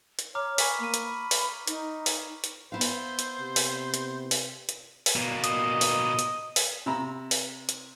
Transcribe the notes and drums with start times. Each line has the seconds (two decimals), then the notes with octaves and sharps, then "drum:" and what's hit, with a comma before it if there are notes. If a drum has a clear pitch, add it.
0.19 drum: hi-hat
0.35 C#5 A#5 D6 F6
0.58 G#5 B5 C#6 B6, drum: open hi-hat
0.80 A#3 A#5 D#7
0.94 drum: hi-hat
1.05 B5
1.31 drum: open hi-hat
1.67 D#4, drum: hi-hat
2.06 drum: open hi-hat
2.44 drum: hi-hat
2.72 B3 E4 C5 F5
2.81 drum: open hi-hat
3.19 drum: hi-hat
3.40 C3
3.56 drum: open hi-hat
3.94 drum: hi-hat
4.31 drum: open hi-hat
4.69 drum: hi-hat
5.06 drum: open hi-hat
5.16 B2 A#3
5.44 D#5, drum: hi-hat
5.81 drum: open hi-hat
6.19 drum: hi-hat
6.56 drum: open hi-hat
6.86 C3 A#5 B5
7.31 drum: open hi-hat
7.69 drum: hi-hat